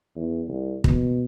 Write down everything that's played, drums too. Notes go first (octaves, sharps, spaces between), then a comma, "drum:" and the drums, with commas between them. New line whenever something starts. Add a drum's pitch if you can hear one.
E2
C2
B2, drum: kick